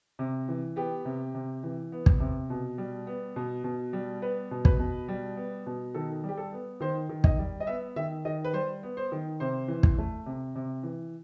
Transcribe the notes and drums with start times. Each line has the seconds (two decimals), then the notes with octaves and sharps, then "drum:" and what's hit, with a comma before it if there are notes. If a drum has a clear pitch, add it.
0.19 C3
0.48 E3
0.76 B3 G4
1.05 C3
1.35 C3
1.63 E3
1.92 B3
2.06 drum: kick
2.20 C3
2.50 B2
2.78 G3
3.07 B3
3.36 B2
3.64 B2
3.93 G3
4.22 B3 B4
4.51 B2
4.65 B4, drum: kick
4.79 B2
5.08 G3
5.37 B3
5.66 B2
5.94 D#3 A4
6.24 G3
6.29 G4
6.38 A4
6.53 B3
6.81 D#3 C5
7.09 D#3
7.24 D#5, drum: kick
7.39 G3
7.60 D#5
7.67 B3 E5
7.96 D#3 E5
8.25 D#3 D#5
8.44 B4
8.53 G3 C5
8.83 B3
8.97 C5
9.12 D#3
9.40 C3 C5
9.68 E3
9.83 drum: kick
9.98 A3
10.26 C3
10.56 C3
10.83 E3